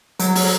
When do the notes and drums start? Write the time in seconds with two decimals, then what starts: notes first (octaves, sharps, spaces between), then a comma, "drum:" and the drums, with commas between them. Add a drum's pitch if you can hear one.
0.19 F#3, drum: hi-hat
0.35 F#3, drum: open hi-hat